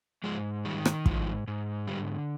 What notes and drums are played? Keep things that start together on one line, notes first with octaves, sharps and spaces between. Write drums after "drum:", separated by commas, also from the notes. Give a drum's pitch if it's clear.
G#2 F3 G#3
D#3 G3
drum: rim click
G#2 F3, drum: kick
G#2
D3 G3